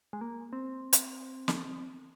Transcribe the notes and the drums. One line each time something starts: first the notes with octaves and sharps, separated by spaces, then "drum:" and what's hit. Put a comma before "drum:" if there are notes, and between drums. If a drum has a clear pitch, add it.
G#3
A#3
C4
drum: hi-hat
drum: snare